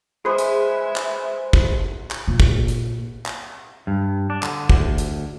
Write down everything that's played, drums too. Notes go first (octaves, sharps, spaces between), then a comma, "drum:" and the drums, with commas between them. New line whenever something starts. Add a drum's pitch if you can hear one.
G#3 G#4 B4 C5 E5
drum: hi-hat
drum: clap
drum: kick
drum: clap
A#2
drum: kick
drum: hi-hat
drum: clap
G2
D4
D3, drum: clap
D2, drum: kick
drum: hi-hat